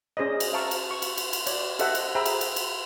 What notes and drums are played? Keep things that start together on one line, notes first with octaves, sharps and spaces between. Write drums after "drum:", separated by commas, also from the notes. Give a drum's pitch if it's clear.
C#4 G#4 C5 D5 D#5
drum: cymbal
C5 E5 F5 A5 A#5 C#6
drum: cymbal
C#6
drum: cymbal
drum: cymbal
drum: cymbal
C#5 D5, drum: cymbal
G4 A4 C5 D#5 E5 F#5, drum: cymbal
drum: cymbal
G#4 C5 E5 G5 A#5 B5
drum: cymbal
drum: cymbal
drum: cymbal